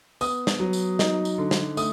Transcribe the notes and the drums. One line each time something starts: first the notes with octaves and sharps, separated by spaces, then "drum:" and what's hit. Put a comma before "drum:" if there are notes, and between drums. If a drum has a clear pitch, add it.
B3 D#6, drum: tambourine
drum: snare
F#3
drum: tambourine
D#4, drum: snare
drum: tambourine
D3
drum: snare
A3 D#6, drum: tambourine